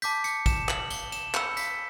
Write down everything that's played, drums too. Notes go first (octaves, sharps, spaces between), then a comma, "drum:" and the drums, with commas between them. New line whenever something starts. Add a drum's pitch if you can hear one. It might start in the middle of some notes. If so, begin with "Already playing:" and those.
A5 D6 G6 B6, drum: tambourine
C#7, drum: tambourine
E7, drum: kick, tambourine
F#7, drum: clap
G7, drum: tambourine
E7, drum: tambourine
B5 E6 G6 C#7, drum: clap
B6, drum: tambourine